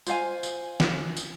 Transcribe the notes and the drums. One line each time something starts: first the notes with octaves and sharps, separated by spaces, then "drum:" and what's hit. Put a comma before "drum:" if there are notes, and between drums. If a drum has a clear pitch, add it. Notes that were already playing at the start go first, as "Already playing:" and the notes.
F4 C5 F5 G#5, drum: tambourine
drum: tambourine
drum: snare
drum: tambourine